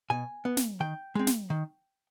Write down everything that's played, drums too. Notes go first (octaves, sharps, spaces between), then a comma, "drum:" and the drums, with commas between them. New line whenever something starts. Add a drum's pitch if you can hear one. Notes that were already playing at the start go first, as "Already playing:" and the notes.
B2 G#5
B3
drum: snare
D#3 G5
G#3 C4
drum: snare
D#3